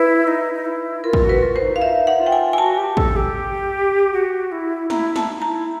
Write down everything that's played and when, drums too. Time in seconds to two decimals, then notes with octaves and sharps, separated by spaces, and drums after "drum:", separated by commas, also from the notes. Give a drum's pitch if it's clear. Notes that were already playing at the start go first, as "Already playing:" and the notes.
Already playing: E4 B4
0.27 D#4
0.54 D#4
0.65 E4
1.04 F4 A#4
1.13 drum: kick
1.24 F#4
1.29 B4
1.43 F4
1.56 C5
1.62 D#4
1.76 E4 F5
1.81 D#4 E5
2.07 F#5
2.20 F4
2.26 G5
2.32 G#5
2.53 G#5
2.58 F#4 A5
2.78 G4
2.97 A4, drum: kick
3.16 G4
4.13 F#4
4.52 E4
4.90 E4 A#5, drum: snare
5.16 A5, drum: snare
5.29 D#4
5.42 A#5
5.48 E4